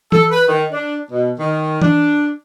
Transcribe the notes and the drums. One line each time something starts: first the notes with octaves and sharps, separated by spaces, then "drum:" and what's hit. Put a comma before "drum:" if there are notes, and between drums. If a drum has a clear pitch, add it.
A4, drum: tom E3
B4
D#3
D4
B2
D#3
D4, drum: tom E3